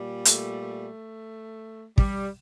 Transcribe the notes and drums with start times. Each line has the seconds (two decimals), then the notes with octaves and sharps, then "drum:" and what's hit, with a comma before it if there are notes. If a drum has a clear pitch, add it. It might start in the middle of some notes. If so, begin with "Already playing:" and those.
Already playing: A#2 G3
0.25 A3, drum: hi-hat
0.60 A3
1.98 G3, drum: kick